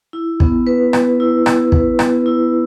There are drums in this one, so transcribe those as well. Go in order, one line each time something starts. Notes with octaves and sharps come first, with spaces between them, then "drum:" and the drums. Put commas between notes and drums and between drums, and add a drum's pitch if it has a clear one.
E4
B3, drum: kick
B4
B3, drum: rim click
E4
B3, drum: rim click
B4, drum: kick
B3, drum: rim click
E4